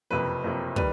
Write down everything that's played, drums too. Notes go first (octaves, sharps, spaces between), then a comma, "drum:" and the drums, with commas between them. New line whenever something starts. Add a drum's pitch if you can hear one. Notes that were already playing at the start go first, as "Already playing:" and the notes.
F#1 F2 C3 B4
F#1 F2 C3
D#3 G3 B4, drum: kick